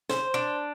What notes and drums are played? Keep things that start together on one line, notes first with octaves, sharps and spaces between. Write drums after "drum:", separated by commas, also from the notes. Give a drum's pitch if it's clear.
C5, drum: snare
D4